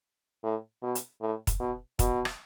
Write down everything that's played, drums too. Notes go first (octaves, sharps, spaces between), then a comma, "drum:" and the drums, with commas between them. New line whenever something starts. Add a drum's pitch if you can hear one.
A2
B2
drum: hi-hat
A2
drum: kick, hi-hat
B2
B2, drum: kick, hi-hat
drum: rim click